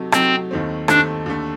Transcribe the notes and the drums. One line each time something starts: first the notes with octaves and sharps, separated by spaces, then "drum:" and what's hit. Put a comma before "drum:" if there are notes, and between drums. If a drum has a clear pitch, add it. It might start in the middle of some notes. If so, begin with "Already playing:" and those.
Already playing: C3 F#3 A3 D#4
C3 F#3 A3 C4 D#4, drum: rim click
D#2 D#3 A3 C4
D#2 D#3 A3 C4 D4, drum: rim click
D#2 D3 A3